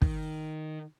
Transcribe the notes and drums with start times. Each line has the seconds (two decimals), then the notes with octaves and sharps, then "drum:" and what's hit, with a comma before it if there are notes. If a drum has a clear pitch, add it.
0.02 D#3, drum: kick